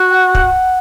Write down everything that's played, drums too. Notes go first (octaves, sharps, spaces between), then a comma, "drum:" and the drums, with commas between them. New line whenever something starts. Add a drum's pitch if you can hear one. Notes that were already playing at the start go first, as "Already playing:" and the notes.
Already playing: F#4
F#5
drum: kick